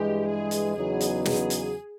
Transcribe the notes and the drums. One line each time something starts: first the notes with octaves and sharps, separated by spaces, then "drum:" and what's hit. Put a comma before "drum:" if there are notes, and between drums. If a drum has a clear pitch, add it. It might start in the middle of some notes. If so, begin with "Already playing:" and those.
Already playing: G2 E3 G#3 G4
G#4
drum: hi-hat
E2 C#3 F#3 B3 D#4 G#4
drum: hi-hat
G#4, drum: snare
drum: hi-hat